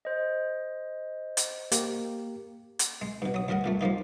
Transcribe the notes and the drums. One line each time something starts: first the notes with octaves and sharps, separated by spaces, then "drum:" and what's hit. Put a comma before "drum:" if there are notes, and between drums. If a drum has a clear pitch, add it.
C5 D#5
drum: hi-hat
A#3 G4, drum: hi-hat
drum: hi-hat
G#3
G2 B2
F#3 D#6
D2 G3 A#4 D#5 F#5
A#2 G3 A3
F3 G3 A#3 D#4